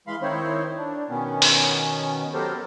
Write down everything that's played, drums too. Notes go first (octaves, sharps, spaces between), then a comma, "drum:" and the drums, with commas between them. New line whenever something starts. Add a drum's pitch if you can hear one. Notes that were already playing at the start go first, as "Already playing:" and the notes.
E3 G#3 F5 B5 C6
D#3 C4 D#4 E4 C5 C#5
D4
B2 D#3 B3 C#4
drum: open hi-hat
F#3 B3 G4 A4 A#4 C5